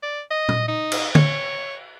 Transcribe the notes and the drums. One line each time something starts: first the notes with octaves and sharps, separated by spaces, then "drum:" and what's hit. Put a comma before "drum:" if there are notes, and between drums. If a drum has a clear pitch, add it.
D5
D#5
drum: tom
D#4
drum: cymbal
C#5, drum: tom